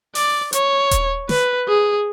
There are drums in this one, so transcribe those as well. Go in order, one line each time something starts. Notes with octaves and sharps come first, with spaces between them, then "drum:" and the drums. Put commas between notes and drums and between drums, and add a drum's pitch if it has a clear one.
D5, drum: open hi-hat
C#5, drum: hi-hat
drum: kick D#1, hi-hat
B4, drum: snare
G#4